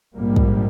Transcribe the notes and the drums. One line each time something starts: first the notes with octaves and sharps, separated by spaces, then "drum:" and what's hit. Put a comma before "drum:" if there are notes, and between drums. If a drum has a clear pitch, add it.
A#1 G#2 G3 A#3
drum: kick